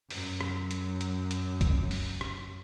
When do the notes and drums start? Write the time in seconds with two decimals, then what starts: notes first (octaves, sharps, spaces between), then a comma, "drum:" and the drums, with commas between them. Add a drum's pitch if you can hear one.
0.11 F#2 F#3, drum: open hi-hat
0.41 drum: rim click
0.71 drum: hi-hat
1.01 drum: hi-hat
1.31 drum: hi-hat
1.61 drum: kick, hi-hat
1.91 drum: open hi-hat
2.21 drum: rim click